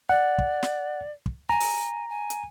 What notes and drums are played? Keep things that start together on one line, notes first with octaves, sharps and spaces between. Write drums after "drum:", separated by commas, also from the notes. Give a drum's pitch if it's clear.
D5 F#5
drum: kick
drum: snare
drum: kick
G#5 A#5
drum: open hi-hat
G#5
drum: hi-hat